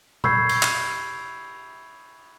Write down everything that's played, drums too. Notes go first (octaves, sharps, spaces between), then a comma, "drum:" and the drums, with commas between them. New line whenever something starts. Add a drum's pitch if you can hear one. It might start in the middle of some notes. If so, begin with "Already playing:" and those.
B5 C#6 E6 G6 G#6 C7, drum: tom A#2
drum: cymbal
drum: clap